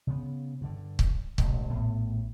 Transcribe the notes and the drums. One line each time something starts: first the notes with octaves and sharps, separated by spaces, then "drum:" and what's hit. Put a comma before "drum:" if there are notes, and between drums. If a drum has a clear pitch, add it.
C#3 B3
G2 D3
drum: kick
E1 A1 D3, drum: kick
A#1 A2 B3